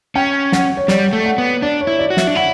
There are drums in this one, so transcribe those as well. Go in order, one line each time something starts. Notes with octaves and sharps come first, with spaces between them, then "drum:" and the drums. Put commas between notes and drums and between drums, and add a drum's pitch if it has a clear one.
C#4 G5
F#5, drum: snare
C#5
G3 D5, drum: snare
A3
F#5
B3
D4 D5
C#5
E4
D5
F#4
E5, drum: snare
D4
E4 F#5